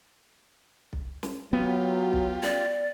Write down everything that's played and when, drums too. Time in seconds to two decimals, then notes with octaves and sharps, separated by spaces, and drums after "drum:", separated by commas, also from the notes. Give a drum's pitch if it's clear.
0.93 drum: kick B1
1.23 drum: snare
1.53 F#3 B3 F4 G4
2.13 drum: kick B1
2.43 D5, drum: snare